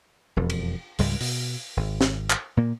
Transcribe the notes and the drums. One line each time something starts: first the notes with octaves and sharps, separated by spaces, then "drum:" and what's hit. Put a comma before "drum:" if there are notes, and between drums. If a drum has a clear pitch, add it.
E1 F2
drum: cymbal
C#2 G#2 G3 G#3, drum: open hi-hat
B2, drum: open hi-hat
G#1
drum: snare
drum: clap
A#2 A#3